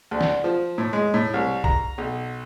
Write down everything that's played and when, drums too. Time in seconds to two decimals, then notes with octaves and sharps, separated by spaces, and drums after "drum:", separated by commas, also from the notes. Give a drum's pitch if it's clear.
0.11 D2
0.21 drum: snare
0.44 F3
0.78 A2
0.93 G#3
1.14 A2
1.34 C2
1.64 A#5, drum: kick B1
1.98 B1